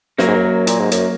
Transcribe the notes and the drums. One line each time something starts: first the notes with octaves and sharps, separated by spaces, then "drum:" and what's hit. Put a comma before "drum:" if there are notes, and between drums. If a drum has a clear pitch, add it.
F#2 F#3 A#3, drum: snare
G#2
F#2
A#2, drum: hi-hat
G#2
F#2, drum: hi-hat